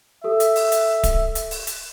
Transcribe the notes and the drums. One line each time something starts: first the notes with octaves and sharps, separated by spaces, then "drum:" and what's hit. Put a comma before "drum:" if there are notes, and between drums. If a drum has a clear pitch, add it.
G4 A4 E5 D#6
drum: hi-hat
drum: open hi-hat
drum: hi-hat
drum: kick D1, hi-hat
drum: hi-hat
drum: open hi-hat
drum: hi-hat